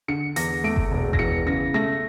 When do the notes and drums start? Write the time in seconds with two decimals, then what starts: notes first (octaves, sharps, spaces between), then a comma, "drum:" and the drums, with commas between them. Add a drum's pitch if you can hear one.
0.08 D3 C#7
0.36 E2 A#6, drum: hi-hat
0.64 A3 D7
0.76 drum: kick G1
0.91 E1
1.13 A#6, drum: kick G1
1.19 E3 C#7
1.47 C#3 A#6
1.74 A3 A#6